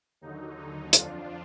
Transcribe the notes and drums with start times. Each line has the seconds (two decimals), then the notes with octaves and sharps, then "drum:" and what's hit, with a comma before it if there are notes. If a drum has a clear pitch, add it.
0.21 D#2 D3 F#3 D#4
0.57 D#2 D3 F#3 D#4
0.93 F2 F3 D4 F4, drum: hi-hat